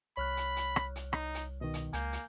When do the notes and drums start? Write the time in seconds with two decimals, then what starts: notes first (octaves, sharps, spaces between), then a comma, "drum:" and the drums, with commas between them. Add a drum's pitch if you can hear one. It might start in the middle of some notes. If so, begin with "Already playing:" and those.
0.17 C2 C#5 B5 F6 F#6
0.37 drum: hi-hat
0.57 drum: hi-hat
0.76 drum: rim click
0.96 drum: hi-hat
1.13 D#4, drum: rim click
1.35 drum: hi-hat
1.61 B2 D#3 D#5
1.74 drum: hi-hat
1.93 C#2 A#3 G#5 G6, drum: hi-hat
2.13 drum: hi-hat